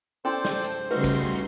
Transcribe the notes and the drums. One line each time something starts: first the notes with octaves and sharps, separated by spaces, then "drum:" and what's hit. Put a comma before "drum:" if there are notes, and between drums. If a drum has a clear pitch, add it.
C#4 E4 A4 C5 D5 G5 C6
drum: snare
drum: hi-hat
C#3 G3 A3 D#4 F#4 B4 C6
drum: kick, hi-hat